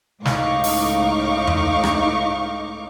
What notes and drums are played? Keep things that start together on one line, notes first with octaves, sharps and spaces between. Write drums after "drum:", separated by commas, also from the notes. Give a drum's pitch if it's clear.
C#2 A2 D#4 F5 C#6 D6, drum: snare
drum: open hi-hat
drum: tom E2
drum: rim click